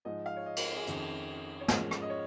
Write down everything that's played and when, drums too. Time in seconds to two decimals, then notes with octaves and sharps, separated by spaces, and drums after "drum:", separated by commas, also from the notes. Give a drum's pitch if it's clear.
0.05 G#2 F3 G#3 D#4 D#5
0.26 F5
0.36 C#5
0.46 D#5
0.56 A#4, drum: cymbal
0.76 G#4
0.87 F2 D#3 C#4, drum: hi-hat
1.61 C#5
1.68 G#2 F3 G#3 C#4 A#4, drum: snare
1.91 drum: rim click
2.02 D#5
2.10 C#5